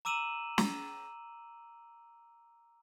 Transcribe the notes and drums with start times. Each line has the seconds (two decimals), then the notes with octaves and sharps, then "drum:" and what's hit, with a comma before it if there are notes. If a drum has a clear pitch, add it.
0.05 A#5 D6 E6 D#7 E7 F#7
0.58 drum: snare